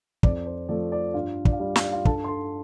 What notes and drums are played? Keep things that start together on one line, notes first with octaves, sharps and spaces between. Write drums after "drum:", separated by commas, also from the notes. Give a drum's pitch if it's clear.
F2 D5, drum: kick
C5
F3 A3 D5
D5
G2 F4 F5
D5, drum: kick
F5
G3 D5
F5, drum: snare
D5
F4 F5
G2 A4 A5, drum: kick
C6
A4 A5